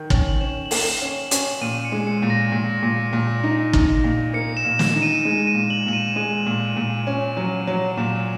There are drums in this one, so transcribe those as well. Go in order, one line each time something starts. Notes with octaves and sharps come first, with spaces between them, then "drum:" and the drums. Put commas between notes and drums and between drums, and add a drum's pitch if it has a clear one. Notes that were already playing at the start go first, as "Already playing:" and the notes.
Already playing: D#3
C#4 F#7, drum: kick
F#7
C#4 E7
F#7
A#3 E7, drum: open hi-hat
C#4
C#4, drum: hi-hat
A#2 D#7
C#7
G#3
C#7
A#2
A#6
A#2
A#2
A#2
D#4
D#4, drum: kick
A#2
A#3 C#7
E7
A#2
E7, drum: snare
D#4
D#7
G#3 D#7
D#7
A#2
F#7
A#2 E7
D#7
E7
G#3 D#7
A#2
A#2
C#4
F#3
F#3
A#2 E7